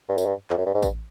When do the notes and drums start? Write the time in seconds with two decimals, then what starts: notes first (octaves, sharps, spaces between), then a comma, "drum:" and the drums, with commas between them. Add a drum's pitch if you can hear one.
0.09 G2
0.18 F#2, drum: tambourine
0.26 G2
0.50 F2, drum: clap
0.58 F#2
0.66 G2
0.74 G#2
0.82 G2, drum: kick A1, tambourine